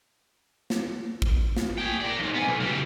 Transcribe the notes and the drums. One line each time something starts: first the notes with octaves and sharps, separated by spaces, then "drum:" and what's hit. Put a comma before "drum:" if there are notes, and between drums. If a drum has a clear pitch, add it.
drum: snare
drum: kick
drum: snare
G#4 G5
A#4 D5
F2 G#2
B3 G#5
B1
C#3 G3